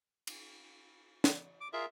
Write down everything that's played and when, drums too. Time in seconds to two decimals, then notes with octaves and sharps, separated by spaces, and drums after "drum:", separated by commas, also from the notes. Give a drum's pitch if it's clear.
0.27 drum: cymbal
1.24 drum: snare
1.61 D6
1.73 F4 G#4 A#4 E5